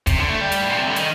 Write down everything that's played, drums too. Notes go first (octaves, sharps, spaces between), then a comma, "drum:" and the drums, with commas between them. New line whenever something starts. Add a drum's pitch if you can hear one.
C3, drum: kick, hi-hat
D3
A3
G3
drum: hi-hat
A2
A#2
C3
D3
D#3, drum: hi-hat